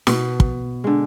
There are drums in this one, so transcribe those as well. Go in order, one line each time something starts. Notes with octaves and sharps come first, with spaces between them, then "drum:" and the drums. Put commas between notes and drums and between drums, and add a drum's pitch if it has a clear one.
B2, drum: snare
drum: kick
D3 G#3